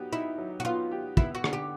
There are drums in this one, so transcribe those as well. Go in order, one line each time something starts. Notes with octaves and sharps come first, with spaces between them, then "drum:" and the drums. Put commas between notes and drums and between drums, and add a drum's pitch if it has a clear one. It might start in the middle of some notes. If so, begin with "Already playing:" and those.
Already playing: F#3 B3 D#4 G4
D#4 E4
F#3
F#4
B3 F4
G4
B3 E4, drum: kick
F#4
D3, drum: rim click
G4